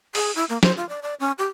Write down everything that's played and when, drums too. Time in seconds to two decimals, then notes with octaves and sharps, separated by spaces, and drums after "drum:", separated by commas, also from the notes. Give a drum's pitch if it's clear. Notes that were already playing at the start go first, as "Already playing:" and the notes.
0.15 G#4, drum: open hi-hat
0.36 E4
0.49 A#3
0.63 C5, drum: snare
0.77 F4
0.89 D5
1.02 D5
1.20 C#4
1.38 G4